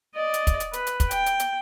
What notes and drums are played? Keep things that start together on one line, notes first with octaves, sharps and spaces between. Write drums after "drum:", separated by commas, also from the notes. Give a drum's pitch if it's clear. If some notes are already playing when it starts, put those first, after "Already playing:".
D5 D#5
drum: hi-hat
drum: kick, hi-hat
drum: hi-hat
B4, drum: hi-hat
drum: hi-hat
drum: kick, hi-hat
G5, drum: hi-hat
drum: hi-hat
drum: hi-hat